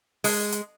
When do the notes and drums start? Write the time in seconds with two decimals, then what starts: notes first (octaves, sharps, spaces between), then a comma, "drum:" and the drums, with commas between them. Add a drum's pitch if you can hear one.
0.24 G#3, drum: open hi-hat
0.52 drum: hi-hat